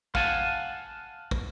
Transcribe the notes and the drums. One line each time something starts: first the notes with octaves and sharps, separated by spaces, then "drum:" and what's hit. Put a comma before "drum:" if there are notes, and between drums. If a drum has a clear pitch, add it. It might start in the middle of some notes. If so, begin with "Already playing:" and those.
F5 F#5 G#5 A5, drum: kick
drum: kick